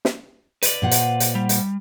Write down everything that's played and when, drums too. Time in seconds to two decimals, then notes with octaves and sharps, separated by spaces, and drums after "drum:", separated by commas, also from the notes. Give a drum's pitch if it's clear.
0.05 drum: snare
0.63 B4 D5, drum: hi-hat
0.82 A#2 C5 F#5
0.91 drum: hi-hat
1.20 drum: hi-hat
1.35 G3
1.49 drum: hi-hat